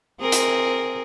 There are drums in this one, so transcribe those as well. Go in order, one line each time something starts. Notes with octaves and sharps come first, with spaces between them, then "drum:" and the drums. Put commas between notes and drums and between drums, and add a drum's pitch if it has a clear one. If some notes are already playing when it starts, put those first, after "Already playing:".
C4 G#4 A#4
drum: hi-hat